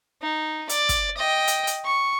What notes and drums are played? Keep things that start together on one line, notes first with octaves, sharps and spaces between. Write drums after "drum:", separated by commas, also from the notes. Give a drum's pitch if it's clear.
D#4
D5, drum: hi-hat
drum: kick, hi-hat
D#5 G5
drum: hi-hat
drum: hi-hat
C#6